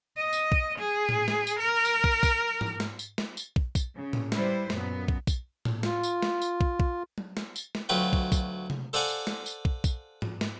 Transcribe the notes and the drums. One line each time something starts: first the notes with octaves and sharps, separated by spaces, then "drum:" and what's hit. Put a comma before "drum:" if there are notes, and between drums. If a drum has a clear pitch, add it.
D#5
drum: tambourine
drum: kick
G#4
drum: tom
drum: snare
drum: tambourine
A#4
drum: tambourine
drum: kick
drum: kick, tambourine
drum: tom
drum: snare
drum: tambourine
drum: snare
drum: tambourine
drum: kick
drum: kick, tambourine
C#3
drum: tom
G3 E4 B4 C5, drum: snare
F#2 A#2 B3, drum: snare
drum: kick
drum: kick, tambourine
drum: tom
F4, drum: snare
drum: tambourine
drum: snare
drum: tambourine
drum: kick
drum: kick
drum: tom F#3
drum: snare
drum: tambourine
drum: snare
D2 F#3 F4 B4 G5
drum: kick
drum: kick, tambourine
drum: tom C3
A4 C5 D5 F5 F#5 G#5
drum: tambourine
drum: snare
drum: tambourine
drum: kick
drum: kick, tambourine
drum: tom
drum: snare